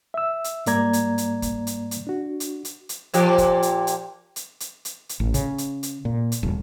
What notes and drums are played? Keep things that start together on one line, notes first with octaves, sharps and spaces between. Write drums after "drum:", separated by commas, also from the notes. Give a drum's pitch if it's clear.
E5 E6
drum: hi-hat
G#2 G3 A#3 D5 A#5 G#6, drum: hi-hat
drum: hi-hat
drum: hi-hat
drum: kick, hi-hat
drum: hi-hat
drum: hi-hat
D4 F#4
drum: hi-hat
drum: hi-hat
drum: hi-hat
A#2 F3 G4, drum: hi-hat
drum: kick, hi-hat
drum: hi-hat
drum: hi-hat
drum: hi-hat
drum: hi-hat
drum: hi-hat
drum: hi-hat
A1
C#3, drum: kick, hi-hat
drum: hi-hat
drum: hi-hat
A#2
drum: hi-hat
D#1